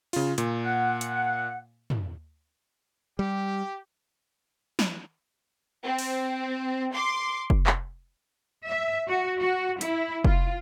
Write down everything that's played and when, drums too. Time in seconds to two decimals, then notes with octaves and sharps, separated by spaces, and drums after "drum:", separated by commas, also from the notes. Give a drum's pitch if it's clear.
0.13 C#3 F4, drum: open hi-hat
0.38 A#2, drum: hi-hat
0.64 F#5
1.01 drum: hi-hat
1.90 drum: tom
3.19 G3 G4
4.79 drum: snare
5.85 C4
5.99 drum: open hi-hat
6.93 C6 D6
7.50 drum: kick F1
7.67 drum: clap
8.68 E5
9.08 F#4
9.40 F#4
9.81 E4, drum: hi-hat
10.25 F4, drum: kick F1